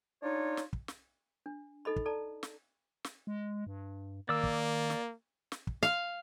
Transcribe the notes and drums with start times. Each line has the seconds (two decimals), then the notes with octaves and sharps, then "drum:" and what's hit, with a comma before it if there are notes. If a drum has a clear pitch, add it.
0.23 D4 D#4 F4 C#5
0.57 drum: snare
0.73 drum: kick
0.88 drum: snare
1.46 D4
1.85 D#4 A4 D#5 B5
1.96 drum: kick
2.06 A4 D5 A5 A#5
2.43 drum: snare
3.04 drum: snare
3.27 G#3
3.67 G2
4.29 D#3 A#3 D5 E6
4.44 drum: kick
4.90 drum: snare
5.52 drum: snare
5.67 drum: kick
5.83 F5, drum: snare